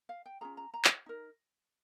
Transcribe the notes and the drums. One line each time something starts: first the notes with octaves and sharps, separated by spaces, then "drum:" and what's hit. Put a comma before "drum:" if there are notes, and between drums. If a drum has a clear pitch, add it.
F5
G5
C#4 F4 G#4 A#5
A#5
A#5
drum: clap
D#4 A#4